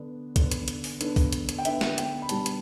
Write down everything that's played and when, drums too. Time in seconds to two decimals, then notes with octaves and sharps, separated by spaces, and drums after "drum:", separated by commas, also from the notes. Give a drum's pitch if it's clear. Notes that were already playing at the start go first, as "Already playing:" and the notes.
Already playing: D3 B3 D4
0.36 D3 B3 D4, drum: kick B1, hi-hat
0.51 drum: hi-hat
0.68 drum: hi-hat
0.84 drum: open hi-hat
1.01 D3 B3 D4, drum: hi-hat
1.16 drum: kick B1, open hi-hat
1.33 drum: hi-hat
1.49 drum: hi-hat
1.59 G5
1.65 D3 B3 D4 E5, drum: hi-hat
1.81 drum: snare
1.98 G5, drum: hi-hat
2.22 B5
2.29 B2 G3 B3 D4 A5, drum: hi-hat
2.46 drum: hi-hat